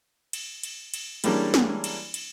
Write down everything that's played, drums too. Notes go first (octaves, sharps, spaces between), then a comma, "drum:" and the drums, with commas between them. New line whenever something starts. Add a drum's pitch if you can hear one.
drum: cymbal
drum: cymbal
drum: cymbal
E3 G3 G#3 A#3 C#4 D4, drum: cymbal
drum: snare
drum: cymbal
drum: cymbal